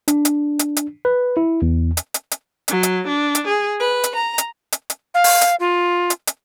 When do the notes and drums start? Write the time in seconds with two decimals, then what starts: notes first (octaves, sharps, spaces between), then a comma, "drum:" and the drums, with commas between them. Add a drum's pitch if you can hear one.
0.08 D4, drum: hi-hat
0.25 drum: hi-hat
0.59 drum: hi-hat
0.77 drum: hi-hat
1.05 B4
1.37 E4
1.62 E2
1.97 drum: hi-hat
2.14 drum: hi-hat
2.31 drum: hi-hat
2.68 F#3, drum: hi-hat
2.83 drum: hi-hat
3.07 D4
3.35 drum: hi-hat
3.47 G#4
3.79 B4
4.04 drum: hi-hat
4.15 A#5
4.38 drum: hi-hat
4.72 drum: hi-hat
4.90 drum: hi-hat
5.14 F5
5.24 drum: open hi-hat
5.41 drum: hi-hat
5.60 F4
6.10 drum: hi-hat
6.27 drum: hi-hat